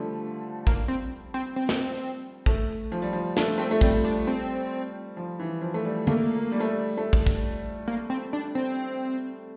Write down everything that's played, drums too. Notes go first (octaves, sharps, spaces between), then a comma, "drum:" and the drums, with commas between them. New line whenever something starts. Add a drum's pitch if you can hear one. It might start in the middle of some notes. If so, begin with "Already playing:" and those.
Already playing: D3 F3 G3 A3
A#3, drum: kick
C4
C4
C4
drum: snare
drum: hi-hat
A3, drum: kick
F3
G3
F3
A3 D4, drum: snare
A3 C4
A3
G3 C4, drum: kick
D4
C4
F3
E3
F3
A3
G3
A3 A#3, drum: tom D3
G3
A3
G3
A3
drum: kick
drum: kick
A#3
C4
D4
C4